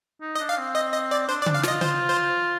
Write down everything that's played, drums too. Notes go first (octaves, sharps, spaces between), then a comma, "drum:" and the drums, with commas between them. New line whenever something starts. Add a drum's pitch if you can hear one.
D#4
D#5
D4
F5
C4
D#5
D#5
D5
D4 C5
D5
D4, drum: tom C#3
F5
F4 D#5, drum: snare
C5, drum: tom C#3
C5